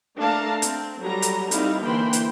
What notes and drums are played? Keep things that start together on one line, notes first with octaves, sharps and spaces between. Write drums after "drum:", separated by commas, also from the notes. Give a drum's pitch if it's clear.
A3 D4 A4 F5 A5 A#5
C4, drum: hi-hat
F#3 G3 A4 A#5
drum: hi-hat
G3 C4 D#4 E4 F5, drum: hi-hat
D3 E3 A#3 C5 G5 B5
drum: hi-hat